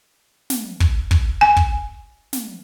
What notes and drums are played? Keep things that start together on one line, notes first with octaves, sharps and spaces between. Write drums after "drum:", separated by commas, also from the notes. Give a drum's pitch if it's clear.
drum: snare
drum: kick
drum: kick
G#5
drum: kick
drum: snare